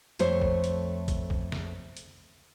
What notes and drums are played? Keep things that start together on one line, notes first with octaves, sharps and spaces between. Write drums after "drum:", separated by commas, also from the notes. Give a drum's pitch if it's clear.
F2 A3 C5 C#5, drum: hi-hat
drum: kick
drum: hi-hat
drum: kick, hi-hat
drum: kick
drum: snare
drum: hi-hat